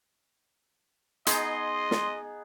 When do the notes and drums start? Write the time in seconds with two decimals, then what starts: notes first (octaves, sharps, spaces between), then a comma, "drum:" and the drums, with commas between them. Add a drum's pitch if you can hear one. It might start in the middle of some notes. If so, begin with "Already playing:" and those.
1.27 B3 D#4 G#4 D#5 C6, drum: hi-hat
1.91 drum: snare